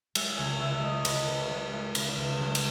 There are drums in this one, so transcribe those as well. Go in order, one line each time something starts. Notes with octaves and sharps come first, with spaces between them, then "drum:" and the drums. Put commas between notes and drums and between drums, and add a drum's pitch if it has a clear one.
G#3 E5, drum: cymbal
C#2 G#5
C#2 E5
G#3 D#5
C#2 B4, drum: cymbal
C#3
G#3
G#3
C#3 B4, drum: cymbal
C#2
G#3
drum: cymbal